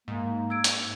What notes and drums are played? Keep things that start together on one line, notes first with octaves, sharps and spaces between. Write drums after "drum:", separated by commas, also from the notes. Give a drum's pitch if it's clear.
G#2 A#3
E6 G#6 D7
drum: hi-hat